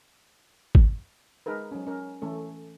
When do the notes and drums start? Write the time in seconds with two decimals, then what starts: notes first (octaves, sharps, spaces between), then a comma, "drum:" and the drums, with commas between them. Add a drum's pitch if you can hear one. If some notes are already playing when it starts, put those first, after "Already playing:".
0.75 drum: kick G#1
1.46 G#3 D#4 G#4 A#4 B4
1.72 F#3 C#4
1.87 C#4 A#4
2.22 E3 A3 C#4 A4